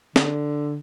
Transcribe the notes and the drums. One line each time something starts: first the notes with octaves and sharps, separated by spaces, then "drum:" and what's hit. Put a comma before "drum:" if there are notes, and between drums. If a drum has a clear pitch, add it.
D3, drum: snare